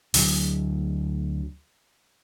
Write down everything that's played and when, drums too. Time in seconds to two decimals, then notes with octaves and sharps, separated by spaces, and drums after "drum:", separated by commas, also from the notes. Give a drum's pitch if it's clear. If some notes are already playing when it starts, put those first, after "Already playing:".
0.14 D2 D3 F#3, drum: open hi-hat